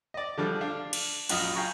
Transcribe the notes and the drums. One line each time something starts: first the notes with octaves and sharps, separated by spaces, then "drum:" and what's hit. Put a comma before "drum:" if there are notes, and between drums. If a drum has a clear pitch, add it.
D5 D#5
D3 F3 G3 A3
D4 F5
drum: cymbal
A#1 F#2 F4 D#5 D#6 F6, drum: cymbal
F5 G5 G#5 A#5 C#6